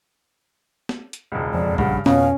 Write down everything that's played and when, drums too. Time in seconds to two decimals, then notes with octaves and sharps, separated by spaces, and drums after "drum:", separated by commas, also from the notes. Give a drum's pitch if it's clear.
0.89 drum: snare
1.13 drum: hi-hat
1.32 E1 C#2
1.54 F2 D5
1.78 A#1 G2 C#3 F#5, drum: kick
2.06 F2 B2 C#4 F5, drum: snare